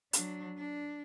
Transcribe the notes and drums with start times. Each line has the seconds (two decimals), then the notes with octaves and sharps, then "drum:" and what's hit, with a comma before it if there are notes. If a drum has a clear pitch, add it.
0.13 F#3 D4, drum: hi-hat
0.58 D4